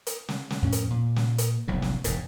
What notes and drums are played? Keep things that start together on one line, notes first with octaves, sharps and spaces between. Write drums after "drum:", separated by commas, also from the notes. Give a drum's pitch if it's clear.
drum: hi-hat
drum: snare
drum: snare
F2 A2 C#4
drum: hi-hat
A#2
drum: snare
drum: hi-hat
F1 B1 F2 A2
drum: snare
E1 G#2, drum: hi-hat